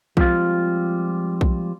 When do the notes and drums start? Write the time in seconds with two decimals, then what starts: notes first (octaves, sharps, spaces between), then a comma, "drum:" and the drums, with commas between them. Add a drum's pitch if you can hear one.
0.17 F3 G3 G#3 C4 F4, drum: kick B1
1.41 drum: kick B1